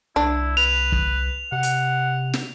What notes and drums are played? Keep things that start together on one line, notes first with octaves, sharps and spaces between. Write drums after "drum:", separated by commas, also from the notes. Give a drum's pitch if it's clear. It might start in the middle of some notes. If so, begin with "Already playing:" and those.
C2 D4 E4
B4 F7
drum: kick
C3 F#5
drum: hi-hat
drum: snare